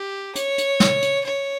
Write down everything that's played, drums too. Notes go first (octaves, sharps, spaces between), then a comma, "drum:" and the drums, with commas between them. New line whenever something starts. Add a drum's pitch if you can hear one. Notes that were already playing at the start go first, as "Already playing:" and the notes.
Already playing: G4
C#5, drum: hi-hat
drum: hi-hat
drum: snare
drum: hi-hat
C#5